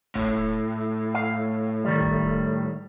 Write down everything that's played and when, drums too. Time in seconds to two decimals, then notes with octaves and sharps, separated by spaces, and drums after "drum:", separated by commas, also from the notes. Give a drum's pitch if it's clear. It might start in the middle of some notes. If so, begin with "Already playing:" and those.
0.15 A2, drum: kick
1.15 F5
1.85 D#3 G3
2.01 drum: kick